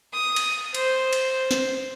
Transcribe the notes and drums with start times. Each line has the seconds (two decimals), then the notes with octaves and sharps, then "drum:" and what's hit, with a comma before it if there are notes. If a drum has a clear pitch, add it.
0.13 D#6
0.36 drum: cymbal
0.74 C5, drum: cymbal
1.13 drum: cymbal
1.51 drum: snare